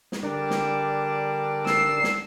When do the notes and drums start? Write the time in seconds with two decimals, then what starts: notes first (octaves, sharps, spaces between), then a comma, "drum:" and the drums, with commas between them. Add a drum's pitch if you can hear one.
0.12 drum: snare
0.23 D3 G3 D4 A#4 D5
0.50 drum: snare
1.66 E6 C7, drum: snare
2.04 drum: snare